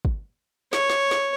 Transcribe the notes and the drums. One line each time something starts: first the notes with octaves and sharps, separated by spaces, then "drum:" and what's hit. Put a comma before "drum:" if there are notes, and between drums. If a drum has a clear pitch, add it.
drum: kick
C#5, drum: snare
drum: snare
drum: snare